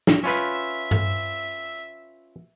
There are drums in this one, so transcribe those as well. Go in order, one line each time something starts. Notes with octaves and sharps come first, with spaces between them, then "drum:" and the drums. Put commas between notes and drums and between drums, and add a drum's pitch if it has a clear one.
drum: snare
C#4 F4 B4 E5
drum: tom G2